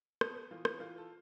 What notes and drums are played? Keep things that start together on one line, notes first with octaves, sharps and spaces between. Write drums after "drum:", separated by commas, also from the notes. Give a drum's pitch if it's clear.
B3 A4, drum: rim click
E3 F4
drum: rim click
E3 F4
A4